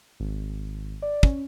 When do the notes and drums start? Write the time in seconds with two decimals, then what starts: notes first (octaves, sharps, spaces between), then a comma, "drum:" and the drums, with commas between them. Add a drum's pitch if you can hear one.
0.20 G#1
1.02 D5
1.23 C#4, drum: kick